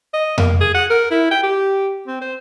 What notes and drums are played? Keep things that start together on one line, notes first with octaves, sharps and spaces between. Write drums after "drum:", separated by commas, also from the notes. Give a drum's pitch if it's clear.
D#5
A#3, drum: tom F2
G#4
F#5
A#4
E4
G5
G4
C4
C5